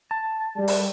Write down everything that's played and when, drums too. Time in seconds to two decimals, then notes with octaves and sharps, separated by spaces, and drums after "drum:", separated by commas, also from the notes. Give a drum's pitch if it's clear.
0.11 A5
0.57 G3
0.68 drum: open hi-hat